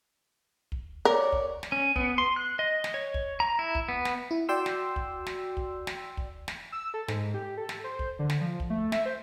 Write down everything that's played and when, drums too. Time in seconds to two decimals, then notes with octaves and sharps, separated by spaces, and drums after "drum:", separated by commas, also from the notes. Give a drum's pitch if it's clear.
0.72 drum: kick
1.05 A#4 C#5 D5
1.32 drum: kick
1.63 drum: snare
1.72 C#4
1.96 B3, drum: kick
2.18 C6
2.36 F#6
2.59 D#5
2.84 drum: snare
2.94 C#5
3.14 drum: kick
3.40 A#5
3.59 E4
3.75 drum: kick
3.89 B3
4.05 drum: snare
4.31 E4
4.49 F#4 D5 G5 C6 E6
4.66 drum: snare
4.96 drum: kick
5.26 drum: snare
5.57 drum: kick
5.87 drum: snare
6.17 drum: kick
6.48 drum: snare
6.72 E6
6.94 A4
7.08 G#2, drum: snare
7.34 G4
7.57 A4
7.69 drum: snare
7.84 C5
7.99 drum: kick
8.19 D3
8.30 drum: snare
8.41 F3
8.60 drum: kick
8.70 A3
8.92 E5, drum: snare
9.06 C5